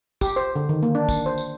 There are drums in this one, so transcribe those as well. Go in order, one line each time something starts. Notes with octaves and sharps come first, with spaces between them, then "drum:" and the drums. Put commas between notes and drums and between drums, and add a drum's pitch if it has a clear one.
G4, drum: kick, tambourine
C5
D3
D#3
A#3
D4
drum: kick, tambourine
C5
drum: tambourine